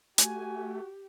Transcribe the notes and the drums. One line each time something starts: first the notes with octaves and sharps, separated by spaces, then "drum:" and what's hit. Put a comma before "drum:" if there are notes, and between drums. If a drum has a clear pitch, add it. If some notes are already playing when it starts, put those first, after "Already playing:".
A3 F#4 G4 G#5, drum: hi-hat